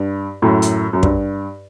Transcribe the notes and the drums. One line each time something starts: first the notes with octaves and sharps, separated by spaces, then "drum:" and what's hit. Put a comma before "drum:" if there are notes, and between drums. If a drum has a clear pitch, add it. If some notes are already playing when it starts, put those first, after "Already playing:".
Already playing: G2
F#2 A2
drum: hi-hat
F#2
G2, drum: kick